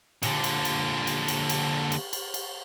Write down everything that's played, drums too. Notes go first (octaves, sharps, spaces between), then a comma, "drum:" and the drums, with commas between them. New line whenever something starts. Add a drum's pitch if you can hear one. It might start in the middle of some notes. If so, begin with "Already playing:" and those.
A#2 D3, drum: cymbal
drum: cymbal
drum: cymbal
drum: cymbal
drum: cymbal
drum: cymbal
drum: cymbal
drum: cymbal
drum: cymbal